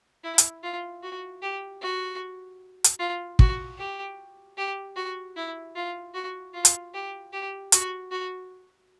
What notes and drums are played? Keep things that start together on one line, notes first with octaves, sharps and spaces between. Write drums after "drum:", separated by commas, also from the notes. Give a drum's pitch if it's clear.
E4
drum: hi-hat
F4
F#4
G4
F#4
drum: hi-hat
F4
F#4, drum: kick
G4
G4
F#4
E4
F4
F#4
F4
drum: hi-hat
G4
G4
F#4, drum: hi-hat
F#4